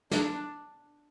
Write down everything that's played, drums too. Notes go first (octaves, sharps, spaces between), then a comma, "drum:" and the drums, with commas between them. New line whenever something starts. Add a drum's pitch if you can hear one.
D4, drum: snare